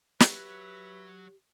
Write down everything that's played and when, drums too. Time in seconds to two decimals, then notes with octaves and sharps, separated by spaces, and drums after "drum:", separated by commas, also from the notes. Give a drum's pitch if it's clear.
0.20 F#3 G4 B4 C#5 E5, drum: snare